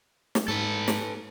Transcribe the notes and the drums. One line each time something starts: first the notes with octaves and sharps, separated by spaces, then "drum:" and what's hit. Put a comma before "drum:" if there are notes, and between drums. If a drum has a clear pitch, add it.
drum: snare
G#2 A4 B4
drum: snare